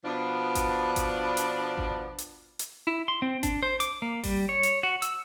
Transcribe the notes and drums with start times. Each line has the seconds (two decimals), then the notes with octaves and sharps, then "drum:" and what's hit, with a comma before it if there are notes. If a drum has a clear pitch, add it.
0.05 B2 F3 B3 D4
0.55 drum: kick G#1, hi-hat
0.96 drum: kick G#1, hi-hat
1.37 drum: hi-hat
1.78 drum: kick G#1
2.18 drum: hi-hat
2.59 drum: hi-hat
2.87 E4
3.08 C6
3.22 C4
3.43 D4, drum: kick G#1, hi-hat
3.63 C5
3.80 D6, drum: hi-hat
4.02 A#3
4.24 G3, drum: kick G#1, open hi-hat
4.49 C#5
4.63 drum: hi-hat
4.83 F#4
5.02 E6, drum: hi-hat